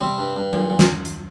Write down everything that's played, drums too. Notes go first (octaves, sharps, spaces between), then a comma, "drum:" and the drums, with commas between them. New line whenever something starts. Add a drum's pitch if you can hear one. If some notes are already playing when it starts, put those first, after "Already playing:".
C3 G3 C4
G2
G2
A#2, drum: tom F#3
A#2
drum: snare
drum: hi-hat